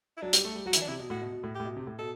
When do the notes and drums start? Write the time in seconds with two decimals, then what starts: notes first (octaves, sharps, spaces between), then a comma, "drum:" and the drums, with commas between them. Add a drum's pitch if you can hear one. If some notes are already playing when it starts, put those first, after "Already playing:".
0.17 E4
0.22 F#3 D4
0.33 G3, drum: hi-hat
0.45 A3
0.55 G3
0.66 F#3 F#4
0.73 E4, drum: hi-hat
0.77 E3
0.81 D4
0.88 C3 E4
0.99 B2
1.10 A2 F#4
1.22 B2
1.32 B2
1.43 A2
1.55 A2 G4
1.65 B2
1.77 C3
1.87 A2
1.99 B2 A4